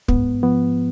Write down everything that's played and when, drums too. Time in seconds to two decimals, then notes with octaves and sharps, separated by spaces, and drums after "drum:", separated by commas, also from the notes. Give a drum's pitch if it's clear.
0.08 G#2 B3, drum: kick
0.43 F3 B3